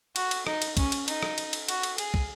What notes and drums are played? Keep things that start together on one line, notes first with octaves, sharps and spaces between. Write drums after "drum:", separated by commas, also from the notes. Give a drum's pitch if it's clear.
F#4, drum: cymbal
drum: cymbal
D#4, drum: rim click
drum: cymbal
C#4, drum: kick, cymbal
drum: cymbal
D#4, drum: cymbal
drum: rim click
drum: cymbal
drum: cymbal
F#4, drum: cymbal
drum: cymbal
G#4, drum: cymbal
drum: kick